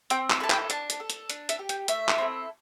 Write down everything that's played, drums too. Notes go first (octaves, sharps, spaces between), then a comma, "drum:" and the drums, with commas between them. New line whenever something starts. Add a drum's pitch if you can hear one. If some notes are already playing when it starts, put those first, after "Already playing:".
C4 G5, drum: hi-hat
E5, drum: clap
E4 A4 A5
G5, drum: clap
D4 A5, drum: hi-hat
drum: hi-hat
A4
drum: hi-hat
D4, drum: hi-hat
E5, drum: hi-hat
G4
G5, drum: hi-hat
A3 E5, drum: hi-hat
drum: clap
C4 E4 A4